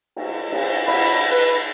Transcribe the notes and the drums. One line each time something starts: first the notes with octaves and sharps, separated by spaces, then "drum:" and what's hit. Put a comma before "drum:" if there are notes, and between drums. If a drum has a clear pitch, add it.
drum: cymbal
drum: cymbal
B5, drum: cymbal
B4